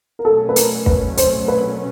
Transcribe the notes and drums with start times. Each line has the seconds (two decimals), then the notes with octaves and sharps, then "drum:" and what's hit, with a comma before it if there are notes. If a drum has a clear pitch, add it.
0.19 A#4
0.25 B2 F#3 A3 C#4 A4
0.49 B4
0.56 A#4, drum: hi-hat
0.86 B4, drum: kick
1.17 C5, drum: hi-hat
1.48 B4